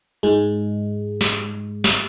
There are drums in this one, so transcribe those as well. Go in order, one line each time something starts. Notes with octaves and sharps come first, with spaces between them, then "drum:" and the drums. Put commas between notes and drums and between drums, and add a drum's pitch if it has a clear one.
G#2 G#3
drum: snare
drum: snare